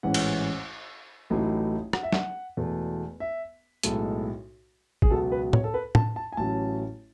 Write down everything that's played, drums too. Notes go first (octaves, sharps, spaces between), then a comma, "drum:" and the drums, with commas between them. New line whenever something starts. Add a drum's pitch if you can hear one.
A1 G#2 E3 G#3 C#4 F#5
drum: cymbal
A1 A2 F#3 A3 D#4
F#5, drum: rim click
E5
F#5, drum: snare
E1 E2 B2 A3
E5
B1 A2 G#3 A4, drum: hi-hat
G#4, drum: kick
C#2 B2 F#3 A4
B4
C#5, drum: tom A2
A4
B4
A5, drum: tom A2
A5
G#5
A1 A2 F#3 C#4 A5